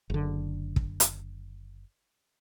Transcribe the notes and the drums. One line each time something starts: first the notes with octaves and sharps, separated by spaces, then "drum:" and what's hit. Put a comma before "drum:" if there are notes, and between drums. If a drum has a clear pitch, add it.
F#1 D3
drum: kick
drum: hi-hat